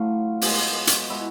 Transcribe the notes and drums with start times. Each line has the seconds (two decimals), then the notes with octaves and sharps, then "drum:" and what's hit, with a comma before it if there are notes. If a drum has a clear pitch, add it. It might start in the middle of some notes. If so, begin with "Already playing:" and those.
Already playing: A2 F#3 A3 F4 F5
0.41 B2 G#3, drum: open hi-hat
0.87 drum: hi-hat
1.09 B2 G#3 E4 E5